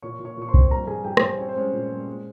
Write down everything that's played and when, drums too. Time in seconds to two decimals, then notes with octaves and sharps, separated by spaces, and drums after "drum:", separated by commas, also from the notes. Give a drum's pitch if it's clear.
0.02 A#2 C#5 C#6
0.19 A#2
0.25 C#5 C#6
0.37 A#2 C#6
0.48 C5 C6
0.54 C4, drum: kick
0.71 G2 A#4 A#5
0.87 G2 G#4 G#5
1.04 G2 G4 G5
1.17 C#5, drum: rim click
1.22 G2 C5
1.38 C4 C#5
1.49 C5
1.55 G#3 C#4 C#5
1.73 A#2
1.91 G#3
2.07 G#3